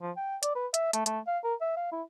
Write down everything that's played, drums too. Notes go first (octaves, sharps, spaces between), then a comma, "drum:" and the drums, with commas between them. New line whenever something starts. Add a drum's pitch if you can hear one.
F3
G5
D5, drum: hi-hat
B4
E5, drum: hi-hat
A3, drum: hi-hat
A3, drum: hi-hat
F5
A#4
E5
F5
E4